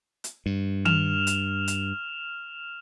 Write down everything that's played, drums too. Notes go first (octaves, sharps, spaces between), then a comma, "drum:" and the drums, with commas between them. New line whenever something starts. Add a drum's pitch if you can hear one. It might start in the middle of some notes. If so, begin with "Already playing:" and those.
drum: hi-hat
G2
F6 E7 F7, drum: tom D#3
drum: hi-hat
drum: hi-hat